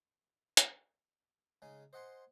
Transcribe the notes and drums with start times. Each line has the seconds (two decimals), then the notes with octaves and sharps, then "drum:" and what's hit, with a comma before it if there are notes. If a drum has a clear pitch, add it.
0.57 drum: hi-hat
1.62 C#3 G#3 D#4
1.93 C5 D#5 F#5 G#5 C6